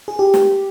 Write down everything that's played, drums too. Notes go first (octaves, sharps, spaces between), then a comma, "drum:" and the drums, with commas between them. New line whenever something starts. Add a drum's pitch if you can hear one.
G#4
G4
drum: snare